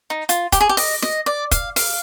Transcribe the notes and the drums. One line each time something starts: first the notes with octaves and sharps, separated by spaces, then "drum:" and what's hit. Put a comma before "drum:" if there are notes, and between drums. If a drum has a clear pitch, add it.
D#4
F4, drum: hi-hat
G4, drum: kick, hi-hat
G#4
G4
D#5, drum: open hi-hat
D#5, drum: snare
D5
F5, drum: kick, hi-hat
F5, drum: open hi-hat